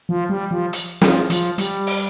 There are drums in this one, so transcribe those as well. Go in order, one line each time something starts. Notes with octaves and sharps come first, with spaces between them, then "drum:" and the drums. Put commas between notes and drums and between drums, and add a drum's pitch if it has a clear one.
F3
G3
F3
drum: hi-hat
F3, drum: snare
F3, drum: hi-hat
G3, drum: hi-hat
drum: open hi-hat